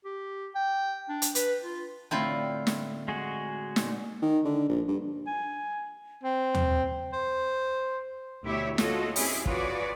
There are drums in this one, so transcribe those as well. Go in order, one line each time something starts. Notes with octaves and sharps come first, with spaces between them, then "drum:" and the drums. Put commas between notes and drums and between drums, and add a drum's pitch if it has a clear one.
G4
G5
D4
drum: hi-hat
B4, drum: hi-hat
F4
A2 D3 C4 E4 F4 G5
drum: snare
G#3 F#4 G#4
A#2 D#4, drum: snare
D#3
D3
A#1
G2
G#5
C4
drum: tom
C5
D2 B2 E4 G4 C#5 E5
F4 F#4 A4 C#5 D#5, drum: snare
C4 C#4 E4 G4 G#4, drum: open hi-hat
F4 F#4 G#4 B4 C#5 D5, drum: kick